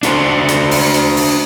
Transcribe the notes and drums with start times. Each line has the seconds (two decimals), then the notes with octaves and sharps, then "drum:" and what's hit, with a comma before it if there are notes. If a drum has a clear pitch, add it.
0.03 D4 F#4 C5, drum: hi-hat
0.48 drum: hi-hat
0.71 drum: open hi-hat
0.94 drum: hi-hat
1.17 drum: open hi-hat